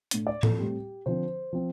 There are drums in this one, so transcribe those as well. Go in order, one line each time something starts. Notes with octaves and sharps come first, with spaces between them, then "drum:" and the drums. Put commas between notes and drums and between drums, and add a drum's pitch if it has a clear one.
A2 A3 D4, drum: hi-hat
D5
A4, drum: tom
A2 G3 C4 G4
D3 F3 C4 C5
F3 C4